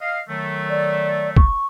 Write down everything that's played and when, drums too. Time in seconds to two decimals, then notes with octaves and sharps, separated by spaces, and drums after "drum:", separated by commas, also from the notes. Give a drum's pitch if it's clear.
0.01 D#5 F5
0.28 D#3 F#3 A3
0.70 D5
1.37 C#6, drum: kick